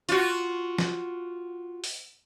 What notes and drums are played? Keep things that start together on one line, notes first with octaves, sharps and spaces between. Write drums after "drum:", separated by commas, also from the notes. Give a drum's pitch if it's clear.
F4 F#4, drum: hi-hat
drum: snare
drum: open hi-hat